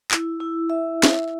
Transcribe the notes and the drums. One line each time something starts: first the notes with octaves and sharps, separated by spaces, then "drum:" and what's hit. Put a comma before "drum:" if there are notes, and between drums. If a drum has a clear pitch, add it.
E4, drum: clap
E4
E5
drum: snare